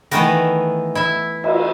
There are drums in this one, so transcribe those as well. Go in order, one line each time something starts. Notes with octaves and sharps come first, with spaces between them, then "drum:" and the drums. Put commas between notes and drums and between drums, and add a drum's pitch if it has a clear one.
D#3 E3 A3 B3 A#4, drum: hi-hat
E4 E5
drum: cymbal